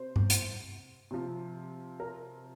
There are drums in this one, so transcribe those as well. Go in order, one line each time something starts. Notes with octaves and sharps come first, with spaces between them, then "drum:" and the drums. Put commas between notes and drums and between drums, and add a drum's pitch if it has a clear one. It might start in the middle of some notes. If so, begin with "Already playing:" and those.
Already playing: C3 C5
drum: tom G2
drum: hi-hat
C3 F3
A#4